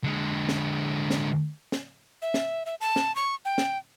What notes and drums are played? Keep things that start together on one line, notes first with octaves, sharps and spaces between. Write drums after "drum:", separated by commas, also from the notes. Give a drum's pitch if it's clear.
D3 G#3
drum: snare
drum: snare
drum: snare
E5
drum: snare
E5
A5
drum: snare
C#6
G5
drum: snare